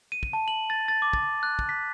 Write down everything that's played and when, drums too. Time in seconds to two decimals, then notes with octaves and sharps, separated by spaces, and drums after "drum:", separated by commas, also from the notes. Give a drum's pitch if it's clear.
0.12 D#7
0.23 drum: kick
0.33 A5
0.48 F#7
0.70 A6
0.88 A6
1.02 D6
1.13 A6, drum: kick
1.43 F#6
1.59 drum: kick
1.69 B6